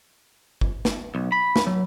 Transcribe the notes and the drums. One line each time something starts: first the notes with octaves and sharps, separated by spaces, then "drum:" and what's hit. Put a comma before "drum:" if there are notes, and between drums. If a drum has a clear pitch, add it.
drum: kick
drum: snare
B1
B5
drum: snare
F#3